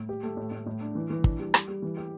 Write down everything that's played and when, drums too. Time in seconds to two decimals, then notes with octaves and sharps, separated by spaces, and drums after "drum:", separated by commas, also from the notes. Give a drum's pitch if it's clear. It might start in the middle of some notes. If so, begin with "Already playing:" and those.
Already playing: A2
0.09 G4
0.23 A3
0.37 A2
0.52 A2
0.66 A2
0.81 D4
0.95 E3
1.10 E3
1.24 D4, drum: kick
1.39 G3
1.54 G3, drum: rim click
1.68 G3
1.82 E3
1.97 G4